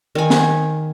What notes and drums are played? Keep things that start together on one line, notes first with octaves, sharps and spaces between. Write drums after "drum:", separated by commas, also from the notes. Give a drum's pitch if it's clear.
D#3 G#5
drum: snare